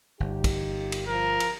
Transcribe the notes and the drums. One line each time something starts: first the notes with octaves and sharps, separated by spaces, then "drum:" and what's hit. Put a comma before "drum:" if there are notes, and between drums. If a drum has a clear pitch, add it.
G1 D#4 F4 G4
drum: kick, cymbal
drum: cymbal
F3 A#4
drum: cymbal